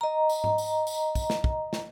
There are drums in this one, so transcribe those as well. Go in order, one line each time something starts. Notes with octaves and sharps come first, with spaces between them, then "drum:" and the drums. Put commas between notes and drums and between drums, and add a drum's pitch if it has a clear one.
D#5 A#5
drum: tambourine
drum: tom G#2
drum: tambourine
drum: tambourine
drum: kick, tambourine
drum: snare
drum: kick
drum: snare